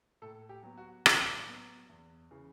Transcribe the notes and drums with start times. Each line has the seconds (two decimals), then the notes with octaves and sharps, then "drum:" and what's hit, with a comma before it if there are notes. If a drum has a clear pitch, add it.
0.22 A2 A4
0.49 G4
0.63 F#3 B3
0.77 F#4
1.06 A2 F#4, drum: rim click
1.47 F#3 B3
1.89 E2
2.31 C#3 E3